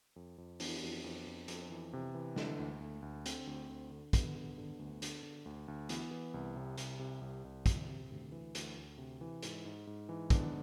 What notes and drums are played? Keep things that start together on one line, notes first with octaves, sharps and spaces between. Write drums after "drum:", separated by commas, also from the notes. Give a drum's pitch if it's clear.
F2
F2
E3 B3 D4, drum: open hi-hat
F2
F2
F2
F2, drum: hi-hat
E3
C3
E3
D3, drum: snare
D2
D2
D2
D3 C4, drum: hi-hat
D2
D2
D3
D3 B3, drum: kick, hi-hat
D3
D3
D2
D3, drum: hi-hat
D3
D2
D2
E3 B3, drum: hi-hat
E3
C2
C3
C2, drum: hi-hat
C3
C2
C2
C3, drum: kick, hi-hat
C3
D2
E3
D2, drum: hi-hat
D2
C3
E3
G#2, drum: hi-hat
G#2
G#2
E3
G#2 B3 D4, drum: kick, hi-hat